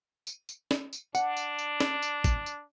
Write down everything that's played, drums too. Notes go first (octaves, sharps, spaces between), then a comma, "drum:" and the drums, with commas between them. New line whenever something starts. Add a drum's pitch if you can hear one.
drum: tambourine
drum: tambourine
drum: snare
drum: tambourine
D4 F#5, drum: tambourine
drum: tambourine
drum: tambourine
drum: snare
drum: tambourine
drum: kick A1, tambourine
drum: tambourine